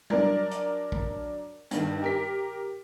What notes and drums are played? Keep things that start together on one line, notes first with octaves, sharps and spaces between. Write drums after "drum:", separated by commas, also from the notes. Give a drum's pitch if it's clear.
F#3 D4 A#4 D5, drum: tom G3
drum: hi-hat
drum: kick
G2 D#3, drum: hi-hat
G4 A#4 B6